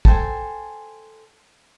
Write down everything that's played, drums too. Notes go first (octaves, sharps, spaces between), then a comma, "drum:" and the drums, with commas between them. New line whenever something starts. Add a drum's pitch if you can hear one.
A4 C5 G5 G#5, drum: kick